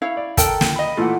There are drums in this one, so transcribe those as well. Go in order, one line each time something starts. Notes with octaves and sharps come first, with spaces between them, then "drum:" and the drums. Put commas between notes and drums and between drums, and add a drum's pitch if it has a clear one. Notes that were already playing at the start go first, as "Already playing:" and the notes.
E4 C#5 F5
D5
A4 A#4 G5, drum: kick, hi-hat
drum: snare
D#5 B5
A#2 E3 A3 F4 F#5